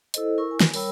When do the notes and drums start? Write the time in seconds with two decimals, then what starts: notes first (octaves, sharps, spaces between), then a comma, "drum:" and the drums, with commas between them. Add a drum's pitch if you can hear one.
0.14 E4 A4 C5 D#5, drum: hi-hat
0.38 E4 A#4 C#6 E6
0.51 G#5
0.61 drum: snare
0.74 G3 A#4 C#5 G5 B5 E6, drum: open hi-hat